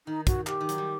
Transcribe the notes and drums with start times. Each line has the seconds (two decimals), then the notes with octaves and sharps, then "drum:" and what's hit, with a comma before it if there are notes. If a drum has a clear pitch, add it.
0.07 D#3 D#4
0.27 F#4, drum: kick, hi-hat
0.47 G4, drum: clap
0.61 D#3
0.69 F#3, drum: hi-hat
0.78 G3